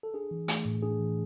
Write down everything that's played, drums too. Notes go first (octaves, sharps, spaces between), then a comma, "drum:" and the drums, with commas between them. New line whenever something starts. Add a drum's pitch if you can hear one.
A4
D4 G#4
E3
A3, drum: hi-hat
A2
D4 G#4
E3